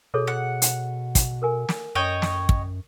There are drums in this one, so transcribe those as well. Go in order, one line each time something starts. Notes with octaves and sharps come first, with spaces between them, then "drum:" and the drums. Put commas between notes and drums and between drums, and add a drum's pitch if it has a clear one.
B2 G#4 A4 C#5
F#5
drum: hi-hat
drum: kick, hi-hat
A4 A#4 G#5
drum: snare
F#2 C#5 D#5 G5
drum: snare
drum: kick